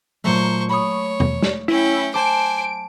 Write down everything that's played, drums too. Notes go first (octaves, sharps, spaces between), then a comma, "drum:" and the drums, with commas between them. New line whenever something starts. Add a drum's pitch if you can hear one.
A#2 F#3 A3 C5 C#6
C#5 B5 C#6 D#6
drum: tom
drum: snare
C#4 E4 G5
C5 G#5 A5 D6 D7